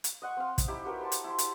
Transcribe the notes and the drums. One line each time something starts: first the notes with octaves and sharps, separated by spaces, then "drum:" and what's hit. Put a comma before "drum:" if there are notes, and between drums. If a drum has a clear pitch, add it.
drum: hi-hat
D#5 F#5 C#6
C4 F5
drum: kick, hi-hat
D#4 E4 G4
F#4 G4 A#4 B4
C5 A5
drum: hi-hat
E4 C6
drum: hi-hat